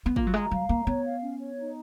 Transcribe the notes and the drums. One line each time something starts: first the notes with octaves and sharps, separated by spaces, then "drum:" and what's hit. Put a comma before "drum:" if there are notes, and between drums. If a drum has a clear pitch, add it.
B3
A#3 F4, drum: kick
F#3
G#3 A#5
F#3 F5
A#3 A#5
B3 C#5
F5
C#4
C#5
D#4